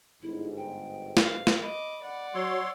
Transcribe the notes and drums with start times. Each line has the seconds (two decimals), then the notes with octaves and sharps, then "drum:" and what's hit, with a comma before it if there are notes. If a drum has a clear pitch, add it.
0.22 G1 G#2 E4
0.57 G5
1.17 B4 F5, drum: snare
1.47 drum: snare
1.61 D#5 B5 D6
2.02 D5 F#5
2.34 F#3 C#5 C6 E6